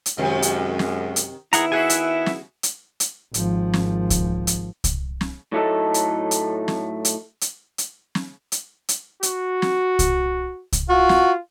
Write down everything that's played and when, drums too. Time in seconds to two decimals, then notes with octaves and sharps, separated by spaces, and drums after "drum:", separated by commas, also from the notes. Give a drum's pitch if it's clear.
0.06 drum: hi-hat
0.18 F#2 C3 D#3 G#3
0.42 drum: hi-hat
0.79 drum: snare
1.16 drum: hi-hat
1.53 D#3 B3 E4 G#4 F#5 A#5, drum: hi-hat
1.72 F#4 G#4 E5 F#5 G#5
1.90 drum: hi-hat
2.26 drum: snare
2.63 drum: hi-hat
3.00 drum: hi-hat
3.34 G#1 F3, drum: hi-hat
3.74 drum: snare
4.10 drum: kick C2, hi-hat
4.47 drum: hi-hat
4.84 drum: kick C2, hi-hat
5.21 drum: snare
5.52 A2 F#3 A3 D#4 A4
5.94 drum: hi-hat
6.31 drum: hi-hat
6.68 drum: snare
7.05 drum: hi-hat
7.41 drum: hi-hat
7.78 drum: hi-hat
8.15 drum: snare
8.52 drum: hi-hat
8.89 drum: hi-hat
9.23 F#4, drum: hi-hat
9.62 drum: snare
9.99 drum: kick C2, hi-hat
10.72 drum: kick C2, hi-hat
10.89 F4 F#4
11.09 drum: snare